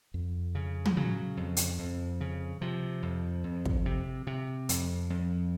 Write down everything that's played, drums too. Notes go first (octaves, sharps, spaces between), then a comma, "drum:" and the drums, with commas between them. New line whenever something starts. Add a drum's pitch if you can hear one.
F2
C#3
G#3, drum: tom
C#3 F#3
F2
drum: hi-hat
F2
C#3
C3 F3
F2
F2
drum: kick
C3
C3
F2, drum: hi-hat
F2